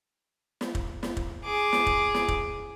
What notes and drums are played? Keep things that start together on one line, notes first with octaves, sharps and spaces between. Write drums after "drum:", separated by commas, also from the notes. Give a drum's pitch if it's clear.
drum: snare
drum: kick
drum: snare
drum: kick
G#4 D6
drum: snare
drum: kick
drum: snare
drum: kick